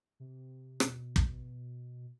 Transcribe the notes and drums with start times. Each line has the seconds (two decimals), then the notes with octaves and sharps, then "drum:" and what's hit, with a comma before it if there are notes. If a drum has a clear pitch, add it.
0.20 C3
0.80 B2, drum: rim click
1.16 drum: kick